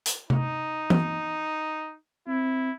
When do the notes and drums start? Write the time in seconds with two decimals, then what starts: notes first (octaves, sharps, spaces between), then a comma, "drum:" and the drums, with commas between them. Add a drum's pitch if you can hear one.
0.06 drum: hi-hat
0.30 D#4, drum: tom C3
0.90 drum: tom E3
2.28 C4 E4